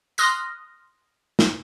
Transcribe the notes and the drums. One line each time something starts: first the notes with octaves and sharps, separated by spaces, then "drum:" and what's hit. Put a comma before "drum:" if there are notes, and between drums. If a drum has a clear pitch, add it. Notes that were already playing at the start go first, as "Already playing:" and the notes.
C6 D#6 F6 F#6 A#6, drum: tambourine
drum: snare